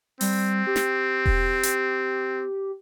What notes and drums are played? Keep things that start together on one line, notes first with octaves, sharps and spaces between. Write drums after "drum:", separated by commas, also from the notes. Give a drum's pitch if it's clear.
G3 C4, drum: open hi-hat
G4
drum: snare
drum: kick E1
drum: hi-hat